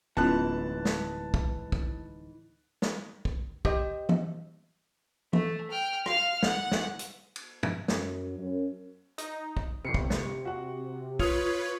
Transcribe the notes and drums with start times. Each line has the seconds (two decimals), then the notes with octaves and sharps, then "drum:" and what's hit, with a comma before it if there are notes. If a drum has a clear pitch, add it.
0.17 D1 G#2 E3 B3 C#4 F4 A5 F#6
0.85 drum: snare
1.34 drum: kick
1.72 drum: kick
2.82 drum: snare
3.25 drum: kick
3.65 G4 C5 D#5, drum: kick
4.09 drum: tom
5.33 A3, drum: tom
5.71 G5 F6
6.06 F5 F6, drum: rim click
6.43 F#5, drum: snare
6.72 drum: snare
6.99 drum: hi-hat
7.36 drum: cymbal
7.63 drum: tom
7.88 F#2, drum: snare
8.38 F#2
9.18 D#4, drum: hi-hat
9.57 drum: kick
9.85 G1 C3 C7 C#7
9.94 drum: kick
10.10 drum: snare
10.45 F#4 F#5
11.19 F4 B4 C#5 D#6 F6 F7, drum: kick